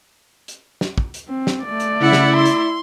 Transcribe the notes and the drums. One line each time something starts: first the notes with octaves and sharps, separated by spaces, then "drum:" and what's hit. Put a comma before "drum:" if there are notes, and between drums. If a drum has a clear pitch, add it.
drum: hi-hat
drum: snare
drum: kick
drum: hi-hat
C4
drum: snare
A3 D5
drum: hi-hat
C#3 E4 F#5
drum: snare
C6
drum: hi-hat